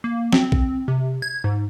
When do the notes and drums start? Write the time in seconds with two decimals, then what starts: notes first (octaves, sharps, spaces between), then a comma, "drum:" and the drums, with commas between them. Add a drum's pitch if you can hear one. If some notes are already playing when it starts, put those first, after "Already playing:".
0.04 A#3
0.32 C4, drum: snare
0.52 drum: kick A#1
0.88 C3
1.22 G#6
1.44 G#2